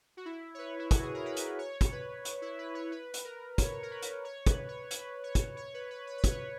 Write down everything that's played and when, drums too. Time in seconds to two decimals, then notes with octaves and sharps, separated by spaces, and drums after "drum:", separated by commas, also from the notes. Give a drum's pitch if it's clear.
0.17 F#4
0.25 E4
0.54 C#5
0.58 B4
0.79 E4
0.91 F#4, drum: kick, hi-hat
1.03 G#4
1.14 A#4
1.26 B4
1.37 drum: hi-hat
1.59 C#5
1.81 drum: kick, hi-hat
1.92 B4
2.25 drum: hi-hat
2.42 E4
2.59 B4
2.75 C#5
2.92 B4
3.14 drum: hi-hat
3.25 A#4
3.58 C#5, drum: kick, hi-hat
3.83 A#4
3.91 B4
4.02 drum: hi-hat
4.25 C#5
4.47 B4, drum: kick, hi-hat
4.69 C#5
4.91 B4, drum: hi-hat
5.24 C#5
5.35 drum: kick, hi-hat
5.57 C#5
5.74 B4
5.91 B4
6.07 B4
6.18 B4
6.24 C#5, drum: kick, hi-hat